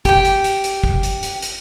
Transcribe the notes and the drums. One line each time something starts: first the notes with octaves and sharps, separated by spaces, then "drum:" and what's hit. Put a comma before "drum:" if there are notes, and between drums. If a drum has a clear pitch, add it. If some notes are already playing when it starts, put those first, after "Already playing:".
G4 G5, drum: kick, hi-hat
drum: hi-hat
drum: hi-hat
drum: hi-hat
drum: kick
drum: hi-hat
drum: hi-hat
drum: hi-hat